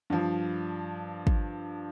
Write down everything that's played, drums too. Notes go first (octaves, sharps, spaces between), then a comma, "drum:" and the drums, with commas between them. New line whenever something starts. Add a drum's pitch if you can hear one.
G2 F3
drum: kick